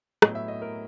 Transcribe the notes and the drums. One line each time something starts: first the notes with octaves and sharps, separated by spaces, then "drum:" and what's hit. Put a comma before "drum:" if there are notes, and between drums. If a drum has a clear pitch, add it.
A2 F#3 B3 D#5, drum: rim click
E5
D#5
A#4